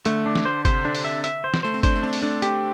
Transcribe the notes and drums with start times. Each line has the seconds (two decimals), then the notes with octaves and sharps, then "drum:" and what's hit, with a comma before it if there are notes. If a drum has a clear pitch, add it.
0.05 D3 A3, drum: hi-hat
0.26 D4
0.35 drum: snare
0.45 C5
0.65 C3 C5, drum: kick, hi-hat
0.84 D3 D4
0.95 drum: open hi-hat
1.05 E5
1.24 E5, drum: hi-hat
1.44 C5
1.54 drum: snare
1.63 A3 C5
1.74 C4
1.83 D4 C5, drum: kick, hi-hat
1.96 A3
2.03 C4 D4
2.13 drum: open hi-hat
2.22 A3 D4
2.42 G4, drum: hi-hat